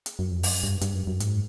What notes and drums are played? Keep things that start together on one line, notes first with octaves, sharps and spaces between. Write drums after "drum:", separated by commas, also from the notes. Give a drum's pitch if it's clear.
drum: hi-hat
F#2
F2
F#2, drum: open hi-hat
G2
G2, drum: hi-hat
F#2
F#2
G#2, drum: hi-hat